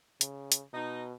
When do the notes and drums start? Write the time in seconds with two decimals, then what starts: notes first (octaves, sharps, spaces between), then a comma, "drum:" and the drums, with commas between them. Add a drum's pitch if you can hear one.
0.21 C#3, drum: hi-hat
0.52 drum: hi-hat
0.73 B2 D#4